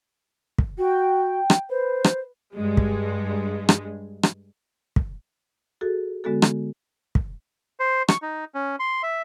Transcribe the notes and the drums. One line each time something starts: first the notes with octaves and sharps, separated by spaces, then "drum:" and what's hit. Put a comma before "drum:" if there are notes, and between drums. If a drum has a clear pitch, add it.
drum: kick
F#4 G5
drum: rim click
B4 C5
drum: rim click
G2 G#3
drum: kick
drum: rim click
drum: rim click
drum: kick
F#4 G#4 A4
D3 G#3 B3 F#4 A4
drum: rim click
drum: kick
C5
C#6, drum: rim click
D#4
C#4
C6
E5